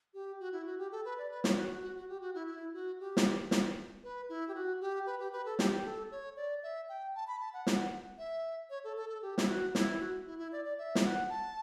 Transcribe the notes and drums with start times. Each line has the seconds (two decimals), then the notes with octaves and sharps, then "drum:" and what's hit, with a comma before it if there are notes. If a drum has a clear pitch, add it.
0.14 G4
0.40 F#4
0.52 E4
0.66 F#4
0.78 G4
0.92 A4
1.05 B4
1.18 D5
1.31 B4
1.44 C#5, drum: snare
1.56 F#4
1.70 F#4
1.82 F#4
1.96 F#4
2.09 G4
2.21 F#4
2.34 E4
2.47 E4
2.74 F#4
3.00 G4
3.17 drum: snare
3.51 drum: snare
4.04 B4
4.29 E4
4.48 G4
4.55 F#4
4.81 G4
5.06 B4
5.19 G4
5.33 B4
5.45 A4
5.59 G4, drum: snare
5.85 A4
6.11 C#5
6.36 D5
6.63 E5
6.89 G5
7.15 A5
7.27 B5
7.40 A5
7.53 F#5
7.67 drum: snare
8.18 E5
8.70 C#5
8.84 A4
8.96 A4
9.09 A4
9.22 G4
9.38 E4, drum: snare
9.48 F#4
9.75 E4, drum: snare
10.00 F#4
10.26 E4
10.39 E4
10.52 D5
10.65 D5
10.78 E5
10.95 drum: snare
11.05 F#5
11.29 A5